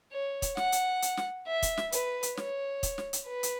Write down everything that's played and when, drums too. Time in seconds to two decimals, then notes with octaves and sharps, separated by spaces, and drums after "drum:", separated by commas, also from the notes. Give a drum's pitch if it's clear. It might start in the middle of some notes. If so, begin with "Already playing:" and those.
0.12 C#5
0.42 drum: kick, hi-hat
0.57 F#5, drum: snare
0.72 drum: hi-hat
1.02 drum: hi-hat
1.17 drum: snare
1.48 E5
1.62 drum: kick, hi-hat
1.78 drum: snare
1.92 B4, drum: hi-hat
2.23 drum: hi-hat
2.37 C#5, drum: snare
2.83 drum: kick, hi-hat
2.98 drum: snare
3.13 drum: hi-hat
3.28 B4
3.43 drum: hi-hat